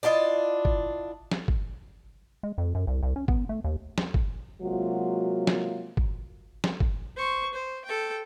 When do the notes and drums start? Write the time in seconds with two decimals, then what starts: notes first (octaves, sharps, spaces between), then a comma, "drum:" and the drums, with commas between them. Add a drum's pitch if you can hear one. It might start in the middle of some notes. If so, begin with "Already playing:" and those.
0.03 D4 E4 F4 D#5
0.65 drum: kick
1.31 drum: snare
1.48 drum: kick
2.43 G#3
2.58 F2
2.75 F#2
2.87 C2
3.03 C2
3.16 C#4
3.28 B3, drum: kick
3.49 A3
3.64 D#2
3.98 drum: snare
4.14 drum: kick
4.62 C3 F#3 G#3 A#3 F4 F#4
5.47 drum: snare
5.97 drum: kick
6.64 drum: snare
6.80 drum: kick
7.16 C5 C#6
7.53 C5
7.85 A4 G5